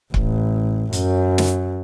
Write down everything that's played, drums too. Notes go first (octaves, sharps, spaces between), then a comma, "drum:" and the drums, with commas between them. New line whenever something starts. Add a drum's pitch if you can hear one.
A1, drum: kick C#1
F#2, drum: hi-hat
drum: snare